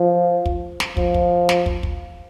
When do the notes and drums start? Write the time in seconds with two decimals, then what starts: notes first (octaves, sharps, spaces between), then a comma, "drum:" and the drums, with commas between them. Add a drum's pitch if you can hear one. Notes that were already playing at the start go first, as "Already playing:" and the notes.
Already playing: F3
0.46 drum: kick
0.80 drum: snare
0.97 F3, drum: kick
1.14 drum: kick
1.49 drum: snare
1.66 drum: kick
1.83 drum: kick